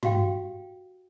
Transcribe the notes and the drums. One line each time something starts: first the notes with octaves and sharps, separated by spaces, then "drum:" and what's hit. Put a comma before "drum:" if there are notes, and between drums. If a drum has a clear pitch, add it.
F#4 G4 F5 G5, drum: tom